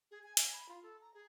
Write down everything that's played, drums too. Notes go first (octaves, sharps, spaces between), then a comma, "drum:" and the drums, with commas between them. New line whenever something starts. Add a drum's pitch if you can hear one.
G#4
G#5
G#5, drum: hi-hat
B5
F4
A4
A#5
G#4